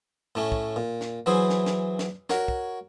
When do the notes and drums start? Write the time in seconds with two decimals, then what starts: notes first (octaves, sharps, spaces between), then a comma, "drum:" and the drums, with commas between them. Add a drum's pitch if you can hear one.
0.35 A2 A3 C#4
0.52 drum: kick
0.76 A#2
1.01 drum: snare
1.26 E3 F#3 E4 G#4 C5
1.50 drum: snare
1.66 drum: snare
1.99 drum: snare
2.30 F#4 A#4 C#5, drum: snare
2.48 drum: kick